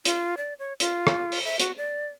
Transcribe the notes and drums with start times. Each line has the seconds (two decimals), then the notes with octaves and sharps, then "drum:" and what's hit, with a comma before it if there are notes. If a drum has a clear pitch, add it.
0.05 F4, drum: hi-hat
0.37 D5
0.59 C#5
0.80 F4, drum: hi-hat
1.07 drum: rim click
1.32 drum: open hi-hat
1.45 E5
1.60 F#4, drum: hi-hat
1.78 D5